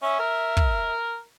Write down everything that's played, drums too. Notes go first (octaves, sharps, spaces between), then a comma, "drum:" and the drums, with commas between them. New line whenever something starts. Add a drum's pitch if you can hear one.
C#4 E5
A#4
drum: kick